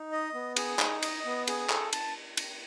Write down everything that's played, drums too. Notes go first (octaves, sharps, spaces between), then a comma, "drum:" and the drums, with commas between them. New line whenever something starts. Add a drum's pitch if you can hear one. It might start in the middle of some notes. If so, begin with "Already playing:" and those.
Already playing: D#4
D#5
B3
G#4, drum: cymbal
D#4, drum: clap
D#5, drum: cymbal
B3
G#4, drum: cymbal
A4, drum: clap
A5, drum: cymbal
drum: cymbal